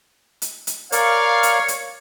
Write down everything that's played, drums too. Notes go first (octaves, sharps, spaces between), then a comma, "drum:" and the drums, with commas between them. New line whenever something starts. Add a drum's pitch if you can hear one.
drum: hi-hat
drum: hi-hat
A#4 C#5 D5 F5, drum: hi-hat
drum: hi-hat
drum: hi-hat